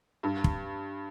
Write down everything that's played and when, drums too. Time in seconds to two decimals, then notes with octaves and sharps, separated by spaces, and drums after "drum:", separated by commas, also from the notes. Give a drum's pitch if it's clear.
0.23 G2
0.44 drum: kick